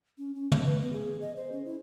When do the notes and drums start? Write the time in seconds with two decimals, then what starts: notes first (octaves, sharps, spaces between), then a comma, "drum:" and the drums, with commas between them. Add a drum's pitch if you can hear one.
0.18 C#4
0.35 C#4
0.52 B3, drum: tom
0.65 B4
0.81 B3
0.93 G#4
1.21 D#5
1.36 C5
1.52 C#4
1.65 E4